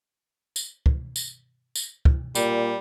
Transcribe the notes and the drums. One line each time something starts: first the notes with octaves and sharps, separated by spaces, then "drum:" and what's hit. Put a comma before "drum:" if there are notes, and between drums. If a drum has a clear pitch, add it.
drum: tambourine
drum: kick
drum: tambourine
drum: tambourine
drum: kick
A#2 G3, drum: tambourine